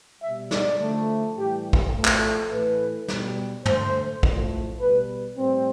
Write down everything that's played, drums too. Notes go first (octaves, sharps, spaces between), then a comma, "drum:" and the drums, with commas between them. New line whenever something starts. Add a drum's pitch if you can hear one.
B2 G3 E5
D5, drum: snare
D3 F3 A3
A2 E3 G3 G4
drum: kick A#1
A2 F3 A3
drum: clap
A2 E3 A3 B4
B2 G3, drum: snare
D3 A3 C5, drum: tom
A2 F3 A3, drum: kick A#1
B2 G3 B4
A2 G3 C4